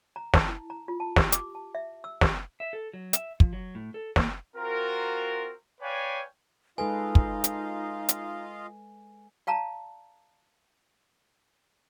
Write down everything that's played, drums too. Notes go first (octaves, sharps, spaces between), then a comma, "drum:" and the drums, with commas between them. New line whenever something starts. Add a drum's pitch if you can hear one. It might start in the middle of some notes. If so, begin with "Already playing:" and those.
A#5
A5, drum: snare
E4
A#5
F4
A5
G4, drum: snare
D6, drum: hi-hat
A5
E5
E6
G4, drum: snare
E5
A4
F#3
E5, drum: hi-hat
F3, drum: kick
F#3
A2
A4
A#3, drum: snare
C4 F4 F#4 A#4
B4 C#5 D5 F5 G5 G#5
G#3 D#4 F4 A4 B4 D#5 F5 G#5
drum: kick
drum: hi-hat
drum: hi-hat
D5 F5 A5 A#5